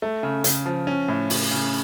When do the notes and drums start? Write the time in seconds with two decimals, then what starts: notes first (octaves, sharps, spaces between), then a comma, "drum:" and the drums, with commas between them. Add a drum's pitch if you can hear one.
0.02 A3
0.23 C#3
0.44 C#3, drum: hi-hat
0.66 F3
0.87 C#4
1.08 A2
1.30 C#3, drum: open hi-hat
1.51 C#3